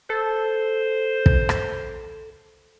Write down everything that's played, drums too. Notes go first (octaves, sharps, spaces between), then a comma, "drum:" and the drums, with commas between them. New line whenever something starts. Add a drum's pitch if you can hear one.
A4 C5
drum: kick
drum: rim click